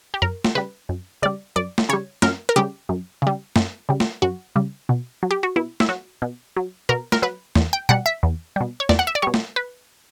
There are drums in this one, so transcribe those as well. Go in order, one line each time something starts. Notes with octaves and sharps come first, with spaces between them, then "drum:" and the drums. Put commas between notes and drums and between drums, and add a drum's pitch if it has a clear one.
G4
F#2 A#4
drum: snare
C#3 G3 B4
F#2
C#3 G3 D5
F#2 D5
drum: snare
C#3 G3 C#5
F#2 A#4, drum: snare
A#4
C#3 G3 G4
F#2
C#3 G3
F#2, drum: snare
C#3 G3
drum: snare
F#2 F#4
C#3 G3
B2
F#3
G4
F#4
B2 E4
E4, drum: snare
F#3 F#4
B2
F#3
B2 A#4
A#4, drum: snare
F#3 B4
E2, drum: snare
G5
B2 G3 F#5
E5
E2
B2 G3
C#5
E2 D5, drum: snare
F#5
E5
D5
B2 G3 C#5
drum: snare
B4